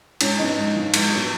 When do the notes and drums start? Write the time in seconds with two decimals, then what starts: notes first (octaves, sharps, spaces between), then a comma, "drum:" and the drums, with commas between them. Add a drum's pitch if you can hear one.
0.21 G#2 C#4 C#5, drum: cymbal
0.39 F3 B3 D#4 D#5
0.57 G#2
0.75 F3 B3
0.94 G#2, drum: cymbal
1.11 F#3 B3